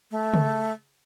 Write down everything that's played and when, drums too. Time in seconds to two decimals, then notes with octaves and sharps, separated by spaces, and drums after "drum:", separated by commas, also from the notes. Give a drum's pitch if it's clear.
0.11 A3
0.34 drum: tom C#3